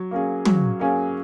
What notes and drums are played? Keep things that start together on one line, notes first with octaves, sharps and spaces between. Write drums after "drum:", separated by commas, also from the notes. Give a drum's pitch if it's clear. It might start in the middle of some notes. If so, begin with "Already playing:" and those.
Already playing: F#3
A#3 C#4 G#4
F#3, drum: tom
A#3 C#4 G#4